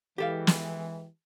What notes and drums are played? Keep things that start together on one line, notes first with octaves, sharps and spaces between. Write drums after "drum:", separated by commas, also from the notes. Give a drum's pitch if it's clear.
E3 G#3 G4 A4 F5
drum: snare